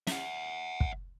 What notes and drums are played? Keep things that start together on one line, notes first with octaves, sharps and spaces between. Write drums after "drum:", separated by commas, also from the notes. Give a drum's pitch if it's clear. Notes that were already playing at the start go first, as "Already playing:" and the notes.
E5 F#5, drum: snare
drum: kick